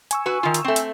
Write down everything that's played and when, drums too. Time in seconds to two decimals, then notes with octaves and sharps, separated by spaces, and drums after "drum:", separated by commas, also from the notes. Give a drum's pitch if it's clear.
0.11 G#5 C#6 E6, drum: hi-hat
0.26 F#4 B4
0.43 D#3 F4
0.54 drum: hi-hat
0.64 A3 C4
0.76 drum: hi-hat